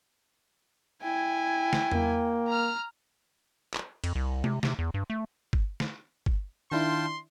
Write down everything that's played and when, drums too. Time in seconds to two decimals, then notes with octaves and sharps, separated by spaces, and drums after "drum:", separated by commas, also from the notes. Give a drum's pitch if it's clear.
1.02 E4 G5 G#5
1.73 drum: snare
1.92 A#3, drum: tom E2
2.48 A#5 F6
3.74 drum: clap
4.04 F2, drum: cymbal
4.15 C2
4.44 C3, drum: tom G#3
4.63 C3, drum: snare
4.79 E2
4.94 G2
5.10 A3
5.53 drum: kick G1
5.80 drum: snare
6.26 drum: kick G1
6.72 D#3 D4 E4 F4 G5 A5 C6